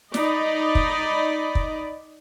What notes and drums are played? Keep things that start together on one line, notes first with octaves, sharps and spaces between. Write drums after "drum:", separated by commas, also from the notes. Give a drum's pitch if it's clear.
D#4 D5 D#5 B5, drum: snare
drum: kick
drum: kick